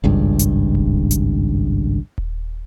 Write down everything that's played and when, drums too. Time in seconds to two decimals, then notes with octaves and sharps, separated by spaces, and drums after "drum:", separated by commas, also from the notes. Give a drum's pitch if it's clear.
0.04 G#1 C#2 G2
0.39 drum: hi-hat
0.75 drum: kick D#1
1.11 drum: hi-hat
2.18 drum: kick D#1